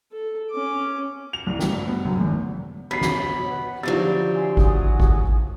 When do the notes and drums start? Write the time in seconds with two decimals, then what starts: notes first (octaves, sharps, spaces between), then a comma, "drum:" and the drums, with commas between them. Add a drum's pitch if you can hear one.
0.12 A4
0.51 C#4 D6
1.33 F7
1.47 C2
1.59 G5, drum: snare
1.72 G2
1.88 B3
2.05 F#2, drum: tom C3
2.20 G#1
2.91 B2 C#5 B5 B6 C7
3.01 drum: snare
3.48 B4 F#5
3.83 E2 D3 F3 F#3 F#4 G4 A6
4.35 E5 G#5 C6
4.57 F#4 G#5 D#6, drum: kick G#1
5.00 drum: kick G#1